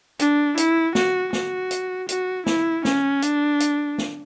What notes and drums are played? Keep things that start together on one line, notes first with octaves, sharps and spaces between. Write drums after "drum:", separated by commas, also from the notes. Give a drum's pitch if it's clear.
D4, drum: hi-hat
E4, drum: hi-hat
F#4, drum: snare
F#4, drum: snare
drum: hi-hat
F#4, drum: hi-hat
E4, drum: snare
C#4, drum: snare
D4, drum: hi-hat
drum: hi-hat
drum: snare